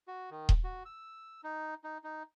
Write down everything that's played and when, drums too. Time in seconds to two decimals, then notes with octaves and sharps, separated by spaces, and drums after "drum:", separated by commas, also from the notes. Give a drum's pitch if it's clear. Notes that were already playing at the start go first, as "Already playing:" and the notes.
0.08 F#4
0.31 D#3
0.49 drum: kick D#1
0.64 F#4
0.85 E6
1.44 D#4
1.84 D#4
2.04 D#4